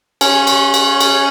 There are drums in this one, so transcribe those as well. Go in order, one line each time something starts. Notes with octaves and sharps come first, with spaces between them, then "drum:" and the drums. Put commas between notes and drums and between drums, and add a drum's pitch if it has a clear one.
C#4, drum: cymbal
drum: cymbal
drum: cymbal
drum: cymbal